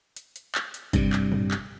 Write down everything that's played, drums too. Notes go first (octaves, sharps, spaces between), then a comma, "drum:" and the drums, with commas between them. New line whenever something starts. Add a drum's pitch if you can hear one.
drum: hi-hat
drum: hi-hat
drum: clap
drum: hi-hat
G2 C3 G3, drum: kick, hi-hat
drum: clap
drum: tom A2
drum: clap